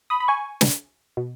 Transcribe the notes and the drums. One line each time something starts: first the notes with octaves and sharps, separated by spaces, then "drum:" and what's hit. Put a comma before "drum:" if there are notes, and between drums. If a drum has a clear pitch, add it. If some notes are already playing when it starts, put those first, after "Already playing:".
B5 D#6
B5
G#5 C#6
drum: snare
B2